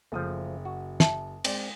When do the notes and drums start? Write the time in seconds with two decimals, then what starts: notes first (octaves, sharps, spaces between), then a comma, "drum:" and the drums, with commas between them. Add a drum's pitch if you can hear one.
0.12 F#1 F3 A3 D#6
0.65 F#4
1.00 E5 A5, drum: snare
1.44 G#3 C4 D5, drum: cymbal